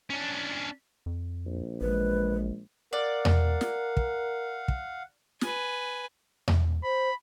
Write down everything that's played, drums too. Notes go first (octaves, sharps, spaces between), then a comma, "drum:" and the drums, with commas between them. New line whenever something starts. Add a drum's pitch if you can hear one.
C#4 D4
F2
A#1
A1 G#3 B4
A#4 D5 F5 F#5
drum: tom E2
drum: snare
drum: kick
drum: kick
B4 G#5, drum: snare
drum: tom E2
C5 B5